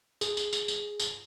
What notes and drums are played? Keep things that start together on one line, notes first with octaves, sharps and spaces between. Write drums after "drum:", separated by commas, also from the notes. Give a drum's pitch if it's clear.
G#4, drum: tambourine
drum: tambourine
drum: tambourine
drum: tambourine
drum: tambourine